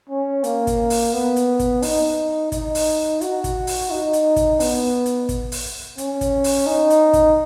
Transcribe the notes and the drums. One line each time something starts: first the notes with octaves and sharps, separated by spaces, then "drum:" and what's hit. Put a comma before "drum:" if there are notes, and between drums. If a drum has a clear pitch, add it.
C#4
A#3, drum: hi-hat
drum: kick, hi-hat
drum: open hi-hat
B3
drum: hi-hat
drum: kick, hi-hat
D#4, drum: open hi-hat
D#4, drum: kick, hi-hat
drum: open hi-hat
F#4, drum: hi-hat
drum: kick, hi-hat
drum: open hi-hat
D#4
drum: hi-hat
drum: kick, hi-hat
B3, drum: open hi-hat
drum: hi-hat
drum: kick, hi-hat
drum: open hi-hat
C#4, drum: hi-hat
drum: kick, hi-hat
drum: open hi-hat
D#4
drum: hi-hat
drum: kick, hi-hat